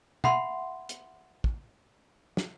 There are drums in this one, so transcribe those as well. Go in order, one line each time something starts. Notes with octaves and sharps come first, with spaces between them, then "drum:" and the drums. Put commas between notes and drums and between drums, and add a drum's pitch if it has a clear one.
E5 F#5 B5 C6, drum: tom
drum: hi-hat
drum: kick
drum: snare